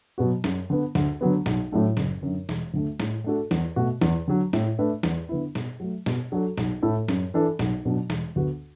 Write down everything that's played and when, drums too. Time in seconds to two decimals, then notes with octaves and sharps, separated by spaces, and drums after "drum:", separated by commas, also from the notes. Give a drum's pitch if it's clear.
0.18 B2 F#3 B3 F#4
0.44 F#2, drum: snare
0.70 D3 B3
0.95 D2, drum: snare
1.21 D3 F#3 B3
1.46 B1, drum: snare
1.72 A2 F#3 A3 D4
1.97 F#1, drum: snare
2.23 F#2 D3
2.49 E1, drum: snare
2.74 D2 D3 A3
3.00 A2, drum: snare
3.24 A3 D4 F#4 A4
3.51 E2, drum: snare
3.76 B2 A3 F#4
4.01 E2, drum: snare
4.28 D3 F#3
4.53 A2, drum: snare
4.79 A3 D4 B4
5.03 E2, drum: snare
5.29 D3 B3 E4
5.55 B2, drum: snare
5.80 F#3 A3
6.06 B2, drum: snare
6.32 F#3 D4 F#4 A4
6.58 B1, drum: snare
6.82 A2 A3 E4 A4
7.08 F#2, drum: snare
7.34 E3 D4 A4
7.59 B1, drum: snare
7.85 B2 F#3 D4
8.10 E1, drum: snare
8.36 D2 D3 B3 F#4